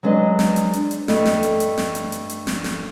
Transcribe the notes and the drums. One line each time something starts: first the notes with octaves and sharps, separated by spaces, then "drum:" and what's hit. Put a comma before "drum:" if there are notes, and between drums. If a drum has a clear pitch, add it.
F#3 G#3 D4 B4 D#5
drum: snare
drum: hi-hat
drum: hi-hat
drum: hi-hat
G2 A3 D#5, drum: snare
drum: snare
drum: hi-hat
drum: hi-hat
drum: snare
drum: hi-hat
drum: hi-hat
drum: hi-hat
drum: snare
drum: snare